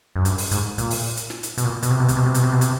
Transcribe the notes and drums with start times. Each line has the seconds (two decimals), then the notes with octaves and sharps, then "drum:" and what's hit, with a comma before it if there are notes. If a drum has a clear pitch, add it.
0.16 F#2
0.25 G2, drum: hi-hat
0.38 drum: open hi-hat
0.51 G#2, drum: hi-hat
0.78 A#2, drum: kick, hi-hat
0.90 drum: open hi-hat
1.17 drum: hi-hat
1.30 drum: snare
1.43 drum: hi-hat
1.58 B2, drum: hi-hat
1.64 A#2
1.83 B2, drum: hi-hat
1.91 C3
2.00 B2
2.08 C3, drum: kick, hi-hat
2.17 B2
2.26 C3
2.34 B2, drum: hi-hat
2.43 C3
2.52 B2
2.61 C3, drum: hi-hat